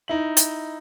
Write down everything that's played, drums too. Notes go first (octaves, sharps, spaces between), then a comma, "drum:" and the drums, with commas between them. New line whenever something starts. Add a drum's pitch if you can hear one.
D#4 E4 F#7
drum: hi-hat